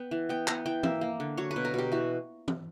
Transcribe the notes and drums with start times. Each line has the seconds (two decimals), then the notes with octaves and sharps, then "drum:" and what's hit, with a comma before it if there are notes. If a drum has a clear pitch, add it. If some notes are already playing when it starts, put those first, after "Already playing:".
Already playing: B3 G5
0.11 E3
0.29 B3 G5
0.47 B3 A#5, drum: clap
0.66 E3 G5
0.83 A#3 E5, drum: tom E3
1.01 A#3
1.20 D3
1.38 F#3 C#5
1.51 B4
1.56 B2
1.65 A#4
1.74 B2 G4
1.92 E3 F#4
2.48 drum: tom E3